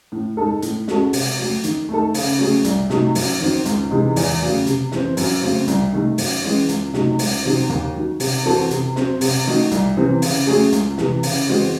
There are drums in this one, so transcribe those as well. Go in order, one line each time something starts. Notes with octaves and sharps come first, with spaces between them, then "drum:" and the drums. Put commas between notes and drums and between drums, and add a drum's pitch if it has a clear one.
A2
G#3 D#4 A4
A2, drum: hi-hat
G#3 C#4 F#4 A4, drum: snare
C3, drum: open hi-hat
F#3 A3
D#3, drum: hi-hat
A3 D#4 A4
C#3, drum: open hi-hat
F#3 A3 C#4 G#4
C2, drum: hi-hat
C3 F#3 A3 D#4, drum: snare
F#2, drum: open hi-hat
D#3 F#3 C4
C#2, drum: hi-hat
C3 E3 G#3 D#4
E2, drum: open hi-hat
C#3 F#3 A3
C3, drum: hi-hat
E3 C4, drum: snare
F#2, drum: open hi-hat
C#3 F#3 A3 C4
C2, drum: hi-hat
C3 D#3 A3 D#4
F#2, drum: open hi-hat
E3 G#3 C#4
C#2, drum: hi-hat
C3 F#3 A3 D#4, drum: snare
C#2, drum: open hi-hat
C3 D#3 F#3 C4
D#2
D#3 F#3
C3, drum: open hi-hat
E3 C4 F#4 A4
C3, drum: hi-hat
F#3 C4, drum: snare
C3, drum: open hi-hat
D#3 A3 D#4 F#4
C2, drum: hi-hat
C3 E3 C4
C#3, drum: open hi-hat
F#3 A3 C#4 G#4
C#2, drum: hi-hat
C3 E3, drum: snare
C#3, drum: open hi-hat
E3 G#3 C4 F#4